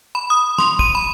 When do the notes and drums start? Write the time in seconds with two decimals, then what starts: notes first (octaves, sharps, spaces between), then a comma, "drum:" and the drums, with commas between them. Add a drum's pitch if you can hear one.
0.15 B5
0.30 D#6
0.58 C6, drum: snare
0.79 D#7, drum: kick
0.95 B5